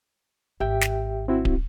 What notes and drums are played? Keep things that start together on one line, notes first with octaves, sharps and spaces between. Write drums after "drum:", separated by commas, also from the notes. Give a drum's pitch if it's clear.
G#1 G4 E5 G5
drum: snare
C4 E4 F#4
drum: kick D1